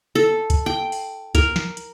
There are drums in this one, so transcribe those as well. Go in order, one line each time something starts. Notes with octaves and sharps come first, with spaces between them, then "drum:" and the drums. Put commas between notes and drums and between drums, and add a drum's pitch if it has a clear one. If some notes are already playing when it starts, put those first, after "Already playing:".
A4
drum: kick, hi-hat
G5
drum: open hi-hat
A#4, drum: kick, hi-hat
drum: snare
drum: hi-hat